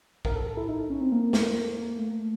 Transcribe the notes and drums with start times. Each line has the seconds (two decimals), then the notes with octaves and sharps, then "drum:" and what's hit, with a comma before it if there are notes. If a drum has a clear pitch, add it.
0.25 A#4, drum: kick A#1
0.36 A4
0.47 A4
0.57 E4
0.68 D#4
0.90 C#4
1.01 C4
1.12 A#3
1.33 drum: snare
1.98 A3